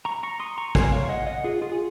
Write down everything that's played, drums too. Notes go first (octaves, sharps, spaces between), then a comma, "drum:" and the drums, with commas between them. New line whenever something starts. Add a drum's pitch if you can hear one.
A#5 C#6
A#5 C#6
C6 D#6
A#5 C#6
G#5 C6, drum: kick
C#5 F5
D#5 F#5
D#5 F#5
F4 G#4
F4 G#4
G#4